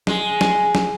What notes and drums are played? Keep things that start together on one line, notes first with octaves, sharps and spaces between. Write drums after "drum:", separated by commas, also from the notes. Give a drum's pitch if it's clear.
G#3, drum: snare
drum: snare
drum: snare